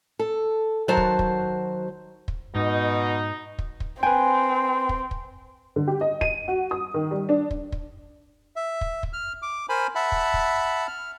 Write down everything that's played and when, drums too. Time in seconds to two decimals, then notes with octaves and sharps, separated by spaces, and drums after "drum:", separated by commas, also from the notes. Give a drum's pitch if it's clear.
0.19 A4
0.88 D#3 F#3 F#4 C5 A5
0.97 drum: kick
1.19 drum: kick
2.28 drum: kick
2.55 G#2 B2 D#4
3.59 drum: kick
3.80 drum: kick
4.03 C4 B4 G5 G#5
4.89 drum: kick
5.11 drum: kick
5.76 D3
5.88 G4
6.01 D#5
6.21 D#7, drum: kick
6.48 F#4
6.71 D#6
6.94 D#3
7.11 G3
7.29 D4
7.51 drum: kick
7.72 drum: kick
8.56 E5
8.81 drum: kick
9.03 drum: kick
9.13 F6
9.42 D6
9.69 A#4 C5 G#5 B5
9.95 E5 F#5 A5 B5
10.12 drum: kick
10.34 drum: kick
10.87 F6